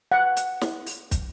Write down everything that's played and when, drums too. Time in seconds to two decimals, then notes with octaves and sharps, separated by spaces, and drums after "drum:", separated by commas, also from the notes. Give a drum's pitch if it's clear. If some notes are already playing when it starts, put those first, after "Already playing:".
0.12 F#5
0.36 drum: hi-hat
0.61 drum: snare
0.86 drum: open hi-hat
1.11 drum: kick, hi-hat